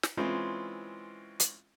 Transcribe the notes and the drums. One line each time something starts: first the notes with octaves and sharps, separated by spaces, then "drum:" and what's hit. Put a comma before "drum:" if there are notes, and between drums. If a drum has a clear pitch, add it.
drum: snare
E3 G#3 C4 C#4 E4 F4
drum: hi-hat